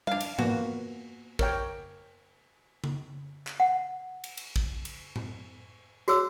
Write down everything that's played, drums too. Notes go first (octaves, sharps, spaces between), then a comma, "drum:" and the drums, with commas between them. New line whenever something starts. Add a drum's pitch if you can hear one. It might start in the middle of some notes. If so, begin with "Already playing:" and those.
D4 F5, drum: tom G3
drum: cymbal
A#3 B3 F#4, drum: tom G#2
A#4 C#5 G5, drum: kick
drum: tom C#3
drum: clap
F#5
drum: cymbal
drum: cymbal
drum: kick
drum: cymbal
drum: tom A2
F#4 G#4 C#5 E6, drum: tambourine